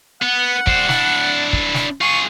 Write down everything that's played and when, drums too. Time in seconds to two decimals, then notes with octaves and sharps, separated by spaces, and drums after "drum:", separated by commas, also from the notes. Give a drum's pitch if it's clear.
0.22 B3 F#5
0.67 G3 C5, drum: kick
0.89 D4 E4, drum: snare
1.53 drum: kick
1.74 drum: snare
2.01 F4 G#4 C#6